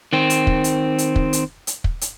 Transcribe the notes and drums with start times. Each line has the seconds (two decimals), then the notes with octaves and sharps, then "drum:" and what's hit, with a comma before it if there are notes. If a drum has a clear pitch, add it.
0.13 D#3 C4
0.30 drum: hi-hat
0.47 drum: kick
0.64 drum: hi-hat
0.98 drum: hi-hat
1.16 drum: kick
1.33 drum: hi-hat
1.67 drum: hi-hat
1.84 drum: kick
2.01 drum: hi-hat